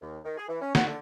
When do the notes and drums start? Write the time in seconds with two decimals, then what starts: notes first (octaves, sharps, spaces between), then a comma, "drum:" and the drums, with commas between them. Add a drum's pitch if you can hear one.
0.01 D#2
0.25 D#3
0.37 G#4
0.49 E3
0.61 C#4
0.75 F#4, drum: snare
0.87 D3